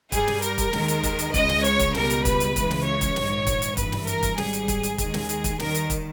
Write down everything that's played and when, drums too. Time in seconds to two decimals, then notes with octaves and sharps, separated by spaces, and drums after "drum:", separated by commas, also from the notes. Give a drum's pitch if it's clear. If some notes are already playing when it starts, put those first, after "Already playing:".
0.12 G2 G3 G#4, drum: kick, hi-hat
0.27 drum: snare
0.42 A#4, drum: hi-hat
0.58 drum: kick, hi-hat
0.73 D#2 D#3 G#3, drum: snare
0.88 drum: hi-hat
1.03 drum: kick, hi-hat
1.19 drum: hi-hat
1.34 C#2 C#3 G#3 D#5, drum: kick, hi-hat
1.49 drum: snare
1.64 C#5, drum: hi-hat
1.79 drum: kick, hi-hat
1.94 C#2 B2 G3 A#4, drum: snare
2.10 drum: hi-hat
2.25 B4, drum: kick, hi-hat
2.40 drum: hi-hat
2.56 C#2 C#3 E3 G#3, drum: kick, hi-hat
2.71 drum: snare
2.86 C#5
3.01 drum: kick, hi-hat
3.16 A#1 G#2 D#3, drum: snare
3.47 drum: kick, hi-hat
3.62 drum: hi-hat
3.77 G#1 G2 E3 B4, drum: kick, hi-hat
3.92 drum: snare
4.07 A#4, drum: hi-hat
4.23 drum: kick, hi-hat
4.38 G#1 G#2 G3 G#4, drum: snare
4.53 drum: hi-hat
4.68 drum: kick, hi-hat
4.83 drum: hi-hat
4.98 D#2 D#3 G#3 G#4, drum: kick, hi-hat
5.14 drum: snare
5.29 drum: hi-hat
5.44 drum: kick, hi-hat
5.59 D#2 D#3 G3 A#4, drum: snare
5.75 drum: hi-hat
5.90 drum: kick, hi-hat